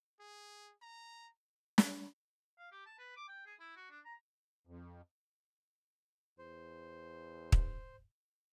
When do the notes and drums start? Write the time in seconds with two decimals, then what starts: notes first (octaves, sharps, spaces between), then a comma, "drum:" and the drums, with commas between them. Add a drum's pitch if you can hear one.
0.20 G#4
0.82 A#5
1.78 drum: snare
2.58 F5
2.72 G4
2.86 A5
2.99 B4
3.16 D6
3.28 G5
3.46 G#4
3.60 E4
3.76 F#4
3.90 D4
4.05 A#5
4.67 F2
6.39 E2 C5
7.52 drum: kick